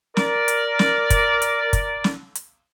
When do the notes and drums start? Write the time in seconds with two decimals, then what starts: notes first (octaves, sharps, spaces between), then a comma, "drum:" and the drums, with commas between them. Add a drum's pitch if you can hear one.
0.17 A#4 D5, drum: snare
0.48 drum: hi-hat
0.79 drum: snare
1.10 drum: kick, hi-hat
1.42 drum: hi-hat
1.73 drum: kick, hi-hat
2.04 drum: snare
2.35 drum: hi-hat